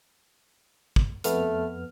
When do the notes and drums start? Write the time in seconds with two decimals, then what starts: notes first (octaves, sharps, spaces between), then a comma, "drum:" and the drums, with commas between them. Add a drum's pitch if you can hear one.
0.96 drum: kick
1.24 F2 A3 B3 F6, drum: hi-hat